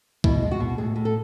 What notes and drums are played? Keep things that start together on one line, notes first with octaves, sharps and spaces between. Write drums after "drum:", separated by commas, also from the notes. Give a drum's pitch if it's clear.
B2 E4, drum: kick B1
G#3
F#4
B2
A2 G#4
A2
A4